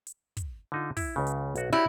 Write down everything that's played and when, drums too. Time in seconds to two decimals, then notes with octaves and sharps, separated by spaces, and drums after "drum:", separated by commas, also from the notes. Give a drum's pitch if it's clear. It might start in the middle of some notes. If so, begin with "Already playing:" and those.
0.07 drum: hi-hat
0.37 drum: kick, hi-hat
0.72 D3 D#4 F4
0.97 E4, drum: kick, open hi-hat
1.16 C#2 C#3
1.27 drum: hi-hat
1.55 B1 F#4 F#5, drum: hi-hat
1.73 E4 F#4 G4 C#5